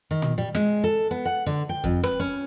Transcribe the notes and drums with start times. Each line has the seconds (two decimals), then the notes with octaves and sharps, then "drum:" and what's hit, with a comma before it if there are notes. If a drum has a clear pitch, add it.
0.11 D#3
0.22 drum: tom
0.38 G3
0.54 G#3, drum: snare
0.84 A4
1.11 B3
1.26 F#5
1.46 D3
1.69 G5
1.84 F2, drum: kick
2.03 B4, drum: rim click
2.20 C#4